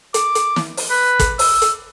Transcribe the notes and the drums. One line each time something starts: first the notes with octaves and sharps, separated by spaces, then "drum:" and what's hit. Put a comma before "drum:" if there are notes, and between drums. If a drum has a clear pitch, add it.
D6, drum: hi-hat
drum: hi-hat
drum: snare
drum: open hi-hat
B4
drum: kick, hi-hat
E6, drum: open hi-hat
drum: hi-hat